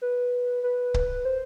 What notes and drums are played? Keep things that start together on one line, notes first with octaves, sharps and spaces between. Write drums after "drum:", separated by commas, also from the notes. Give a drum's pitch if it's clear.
B4
B4
drum: kick C#1
C5